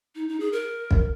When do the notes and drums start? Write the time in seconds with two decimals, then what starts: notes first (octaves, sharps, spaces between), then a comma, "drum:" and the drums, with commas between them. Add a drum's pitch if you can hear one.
0.15 D#4
0.29 D#4
0.40 G#4
0.53 A#4
0.91 drum: kick